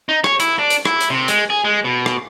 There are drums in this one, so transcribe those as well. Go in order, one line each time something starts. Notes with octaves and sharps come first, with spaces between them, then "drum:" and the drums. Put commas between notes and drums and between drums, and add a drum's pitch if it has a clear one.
D#4
C#5, drum: rim click
E4, drum: hi-hat
D4
drum: hi-hat
E4, drum: rim click
drum: hi-hat
C3
G#3, drum: hi-hat
G#4
G#3
B2
drum: rim click